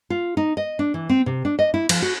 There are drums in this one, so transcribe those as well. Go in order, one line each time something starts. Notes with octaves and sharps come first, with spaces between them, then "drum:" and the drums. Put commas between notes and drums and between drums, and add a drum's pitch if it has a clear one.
F4
D#4
D#5
D4
E3
C4
C3
D4
D#5
E4
F3, drum: cymbal
F#4